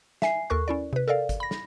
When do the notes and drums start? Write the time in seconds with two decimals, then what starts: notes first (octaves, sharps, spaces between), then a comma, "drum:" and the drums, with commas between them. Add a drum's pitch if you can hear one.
0.22 E5 G#5 C7, drum: snare
0.50 D#2 A4 A#4 C#6 F#6
0.68 C#4 E4 D5
0.93 C3 B4
1.08 A4 A#4 D5 F5
1.29 drum: kick G1, hi-hat
1.40 B5 A#6
1.51 drum: snare